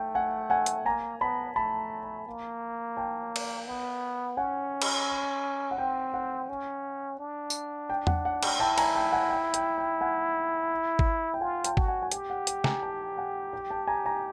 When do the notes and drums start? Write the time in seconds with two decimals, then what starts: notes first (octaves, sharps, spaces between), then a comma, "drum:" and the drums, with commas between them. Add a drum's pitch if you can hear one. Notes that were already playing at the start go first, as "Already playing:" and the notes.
Already playing: A3 G5
0.15 F#5 G#5
0.50 F#5 G#5
0.66 drum: hi-hat
0.85 A#3 G#5 A#5
1.21 B3 A5 B5
1.56 A3 A5 B5
2.27 A#3
2.97 G5 A5
3.36 drum: cymbal
3.67 B3
4.37 C#4 F#5 G#5
4.82 drum: cymbal
5.71 F#5
5.78 C4 G5
6.14 F#5
6.49 C#4
7.19 D4
7.50 drum: tambourine
7.90 G5
8.07 F#5, drum: tom E2
8.25 F#5
8.43 G5, drum: cymbal
8.60 E4 G5 A5
8.78 G#5 A#5, drum: cymbal
8.95 G5 A5
9.12 F#5 G#5
9.30 G5
9.54 G5, drum: hi-hat
9.78 G5
10.01 F#5 G#5
10.99 drum: kick G#1
11.34 G5
11.41 F4 F#5 G#5
11.64 G5 A5, drum: hi-hat
11.77 F#4, drum: kick G#1
11.88 F#5 G#5
12.02 G#5
12.12 G4 G5, drum: hi-hat
12.30 F#5
12.47 G5, drum: hi-hat
12.64 G#5 A#5, drum: snare
12.82 G5 A5
13.17 F#5 G#5
13.53 G5
13.70 G5 A5
13.87 G#5 A#5
14.06 G#5 A#5